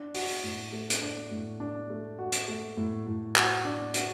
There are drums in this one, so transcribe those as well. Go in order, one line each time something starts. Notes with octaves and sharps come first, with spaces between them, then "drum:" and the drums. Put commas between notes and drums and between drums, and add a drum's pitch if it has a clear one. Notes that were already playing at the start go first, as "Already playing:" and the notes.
Already playing: D4
F#4, drum: open hi-hat
A2
A3
drum: hi-hat
D4
A2
D4
A3
F#4
drum: hi-hat
A3
A2
A2
F#4, drum: clap
D4
F#4, drum: hi-hat